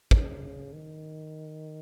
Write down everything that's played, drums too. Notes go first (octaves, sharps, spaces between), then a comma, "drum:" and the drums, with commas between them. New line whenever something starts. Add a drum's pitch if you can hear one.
C#3, drum: kick
D#3